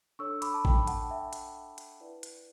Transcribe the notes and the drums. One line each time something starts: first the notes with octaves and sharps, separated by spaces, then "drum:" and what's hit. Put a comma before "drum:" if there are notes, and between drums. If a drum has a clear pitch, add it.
D4 A4 C#5 C#6 E6
B5 D6, drum: hi-hat
A5
G5 B5, drum: kick A1
F#5 A5, drum: hi-hat
E5 G5
drum: hi-hat
drum: hi-hat
E4 B4 D5
drum: hi-hat